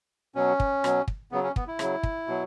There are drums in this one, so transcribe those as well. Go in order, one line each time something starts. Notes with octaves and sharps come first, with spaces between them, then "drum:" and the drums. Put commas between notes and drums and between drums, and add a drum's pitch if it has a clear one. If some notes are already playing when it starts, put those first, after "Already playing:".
B2 F#3 C#4
drum: kick
B2 F#3, drum: rim click
drum: kick
C#3 F#3 B3
C#4
B3, drum: kick
E4
C#3 F#3, drum: rim click
drum: kick
B2 F#3